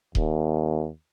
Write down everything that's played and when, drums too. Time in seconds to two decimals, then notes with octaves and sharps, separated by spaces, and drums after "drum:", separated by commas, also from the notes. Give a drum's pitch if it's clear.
0.15 D#2, drum: kick D#1